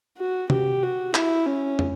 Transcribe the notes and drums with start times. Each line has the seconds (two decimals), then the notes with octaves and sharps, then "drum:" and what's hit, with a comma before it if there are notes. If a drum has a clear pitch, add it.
0.17 F#4
0.50 G4, drum: tom C3
0.83 F#4
1.15 E4, drum: clap
1.46 C#4
1.79 drum: tom